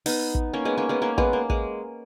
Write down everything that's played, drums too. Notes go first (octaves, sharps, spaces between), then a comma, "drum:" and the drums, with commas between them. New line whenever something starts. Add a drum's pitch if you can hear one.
B3 D#4, drum: open hi-hat
drum: kick
A#3 C#4
G#3 B3
A#3 C#4
G#3 B3
A#3 C#4
G#3 B3, drum: kick
A#3
G#3, drum: kick